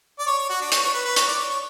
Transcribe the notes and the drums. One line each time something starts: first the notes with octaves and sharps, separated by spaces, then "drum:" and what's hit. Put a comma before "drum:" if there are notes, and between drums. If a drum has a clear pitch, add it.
D5
C#5
C#5
F#4
D4
C#5, drum: hi-hat
C#5
B4
B4
C#5, drum: hi-hat
D5
C#5
C#5